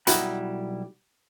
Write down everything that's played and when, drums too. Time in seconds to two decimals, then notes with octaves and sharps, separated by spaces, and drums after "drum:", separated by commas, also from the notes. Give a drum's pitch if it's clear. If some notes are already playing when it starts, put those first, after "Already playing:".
0.07 B1 G3 D#4 E4 F#4 B5, drum: hi-hat